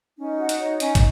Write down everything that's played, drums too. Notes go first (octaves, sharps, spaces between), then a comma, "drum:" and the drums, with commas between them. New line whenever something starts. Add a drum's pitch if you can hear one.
C#4 D#4
F#4
drum: hi-hat
C#5
C#4, drum: hi-hat
drum: kick, hi-hat